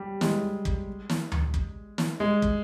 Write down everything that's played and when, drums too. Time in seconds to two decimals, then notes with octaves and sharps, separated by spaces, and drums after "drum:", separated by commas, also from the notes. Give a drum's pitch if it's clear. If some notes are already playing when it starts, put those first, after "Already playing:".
Already playing: G3
0.21 G#3, drum: snare
0.65 drum: kick
1.09 drum: snare
1.32 drum: tom D2
1.54 drum: kick
1.98 drum: snare
2.20 G#3
2.42 drum: kick